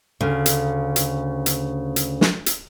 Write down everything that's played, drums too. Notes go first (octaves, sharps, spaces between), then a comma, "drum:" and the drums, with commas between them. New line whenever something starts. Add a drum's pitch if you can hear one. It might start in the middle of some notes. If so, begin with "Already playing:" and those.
D2 C#3
drum: hi-hat
drum: hi-hat
drum: hi-hat
drum: hi-hat
drum: snare
drum: hi-hat